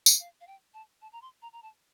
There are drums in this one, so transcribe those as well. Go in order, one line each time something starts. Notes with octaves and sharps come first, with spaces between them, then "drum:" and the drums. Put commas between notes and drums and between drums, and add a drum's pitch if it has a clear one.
drum: tambourine
F5
F5
G5
A5
A5
A#5
C6
A#5
A#5
A5